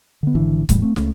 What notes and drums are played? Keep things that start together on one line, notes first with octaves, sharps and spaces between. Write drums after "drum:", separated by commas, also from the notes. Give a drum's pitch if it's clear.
D3 B3
G#1 D3 E3
E2 A2 G3, drum: kick C#1, hi-hat
A3 C4
C#2 C#3 A3, drum: snare